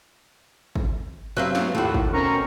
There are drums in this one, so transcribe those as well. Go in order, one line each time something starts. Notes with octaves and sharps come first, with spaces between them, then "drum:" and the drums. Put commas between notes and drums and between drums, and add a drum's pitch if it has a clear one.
drum: kick
G2 F#3 C4 B4 E5 F5
drum: snare
D#2 A2 A3 F4 F#4
drum: kick
B2 C4 C#4 A#4 A#5 C#6